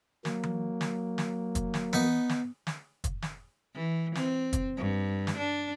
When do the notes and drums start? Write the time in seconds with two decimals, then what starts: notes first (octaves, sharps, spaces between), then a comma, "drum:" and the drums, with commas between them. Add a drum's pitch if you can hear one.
0.25 F#3 A#3, drum: snare
0.43 drum: tom E3
0.81 drum: snare
1.18 drum: snare
1.55 drum: kick, hi-hat
1.74 drum: snare
1.93 B3 D#4 D#5, drum: tom E3
2.29 drum: snare
2.67 drum: snare
3.04 drum: kick, hi-hat
3.22 drum: snare
3.74 E3
4.15 C4, drum: snare
4.53 drum: kick, hi-hat
4.77 G2
5.27 drum: snare
5.37 D4